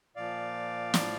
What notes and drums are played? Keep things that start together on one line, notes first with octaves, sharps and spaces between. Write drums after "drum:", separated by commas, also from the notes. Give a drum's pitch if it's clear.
A#2 F3 D5 F5
A2 F3, drum: snare